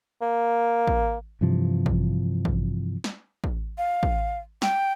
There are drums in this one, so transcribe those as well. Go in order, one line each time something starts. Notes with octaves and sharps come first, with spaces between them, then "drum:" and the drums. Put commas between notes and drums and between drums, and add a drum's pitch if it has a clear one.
A#3
drum: kick
G2 C3 E3 F3
drum: kick
drum: kick
drum: snare
drum: kick
F5
drum: kick
G5, drum: snare